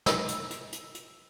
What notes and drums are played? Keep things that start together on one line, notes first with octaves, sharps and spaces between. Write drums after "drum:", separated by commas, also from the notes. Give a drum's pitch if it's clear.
E6, drum: snare
drum: hi-hat
drum: hi-hat
drum: hi-hat
drum: hi-hat